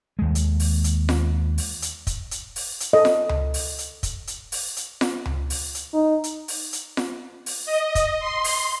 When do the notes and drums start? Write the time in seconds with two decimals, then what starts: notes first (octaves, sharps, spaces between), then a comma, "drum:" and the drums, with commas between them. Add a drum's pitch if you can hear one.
0.19 D#2 G#3
0.35 drum: hi-hat
0.60 drum: open hi-hat
0.84 drum: hi-hat
1.09 drum: snare F4
1.58 drum: open hi-hat
1.82 drum: hi-hat
2.07 drum: kick, hi-hat
2.31 drum: hi-hat
2.56 drum: open hi-hat
2.80 drum: hi-hat
2.93 A4 D#5
3.05 drum: snare F4
3.29 drum: tom C#2
3.54 drum: open hi-hat
3.78 drum: hi-hat
4.03 drum: kick, hi-hat
4.27 drum: hi-hat
4.52 drum: open hi-hat
4.76 drum: hi-hat
5.01 drum: snare F4
5.26 drum: tom C#2
5.50 drum: open hi-hat
5.75 drum: hi-hat
5.94 D#4
6.24 drum: hi-hat
6.48 drum: open hi-hat
6.73 drum: hi-hat
6.97 drum: snare F4
7.46 drum: open hi-hat
7.66 D#5
7.95 drum: kick, hi-hat
8.20 C6
8.44 drum: open hi-hat